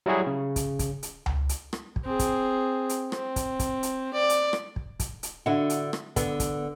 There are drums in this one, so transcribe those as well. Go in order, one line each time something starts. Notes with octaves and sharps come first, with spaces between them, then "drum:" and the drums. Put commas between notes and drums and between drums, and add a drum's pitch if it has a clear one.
F#3 G3 E4 F#4 G#4
C#3
drum: kick, hi-hat
drum: kick, hi-hat
drum: hi-hat
drum: tom C#2
drum: hi-hat
drum: rim click
drum: kick
C4 G#4
drum: kick, hi-hat
drum: hi-hat
C4, drum: rim click
drum: kick, hi-hat
drum: kick, hi-hat
drum: hi-hat
D5
drum: hi-hat
drum: rim click
drum: kick
drum: kick, hi-hat
drum: hi-hat
D3 E4 F#4
drum: hi-hat
drum: rim click
D3 B3, drum: kick, hi-hat
drum: kick, hi-hat